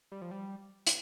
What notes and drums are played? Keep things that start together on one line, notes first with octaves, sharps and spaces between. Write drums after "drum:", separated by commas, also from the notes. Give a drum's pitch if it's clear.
G3
F3
G3
drum: hi-hat